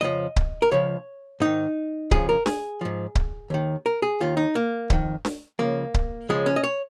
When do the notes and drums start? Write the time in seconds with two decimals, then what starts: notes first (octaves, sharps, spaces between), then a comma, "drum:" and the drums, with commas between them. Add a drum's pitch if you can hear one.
0.01 F2 C#3 F3 D#5
0.36 drum: kick C#1
0.62 A#4
0.71 C#2 C#3 F3 C#5
1.40 G#2 D#3 D#4
2.11 F2 C#3 F3 G#4, drum: kick C#1
2.29 A#4
2.46 G#4, drum: snare D4
2.81 G#2 F3
3.15 drum: kick C#1
3.50 D#2 D#3
3.86 A#4
4.02 G#4
4.20 D#2 D#3 F4
4.37 D#4
4.55 A#3
4.90 F2 D#3, drum: kick C#1
5.25 drum: snare D4
5.59 C#2 C#3 F3 A#3
5.94 drum: kick C#1
6.29 C#2 C#3 F3 G#3
6.46 C#4
6.56 D#5
6.64 C#5